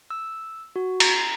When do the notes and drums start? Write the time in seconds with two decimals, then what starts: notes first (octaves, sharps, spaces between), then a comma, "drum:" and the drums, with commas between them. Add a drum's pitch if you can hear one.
0.10 E6
0.76 F#4
1.00 A#5, drum: cymbal